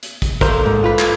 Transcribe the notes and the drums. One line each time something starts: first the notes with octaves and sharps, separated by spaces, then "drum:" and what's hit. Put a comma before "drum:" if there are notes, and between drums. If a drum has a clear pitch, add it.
drum: hi-hat
drum: kick, hi-hat
A#3 A4 A#4 C5, drum: kick, hi-hat
G#2
F4 B4
drum: clap